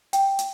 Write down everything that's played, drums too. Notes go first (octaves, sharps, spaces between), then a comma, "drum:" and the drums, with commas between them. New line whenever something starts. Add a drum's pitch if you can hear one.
G5, drum: hi-hat
drum: hi-hat